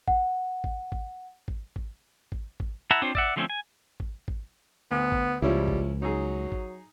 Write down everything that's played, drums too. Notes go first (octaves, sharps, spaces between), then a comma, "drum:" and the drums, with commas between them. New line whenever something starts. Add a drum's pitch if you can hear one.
F#5, drum: kick G#1
drum: kick G#1
drum: kick G#1
drum: kick G#1
drum: kick G#1
drum: kick G#1
drum: kick G#1
E4 E5 F#5 A5 A#5
C4 D4 F4 C5 C#5
D5 E5 F#5, drum: kick G#1
D3 F3 A3 C4 C#4
G#5
drum: kick G#1
drum: kick G#1
D2 B3
drum: kick G#1
C#2 F3 G3 C#4 E4
drum: kick G#1
F#3 D#4 G#4
drum: kick G#1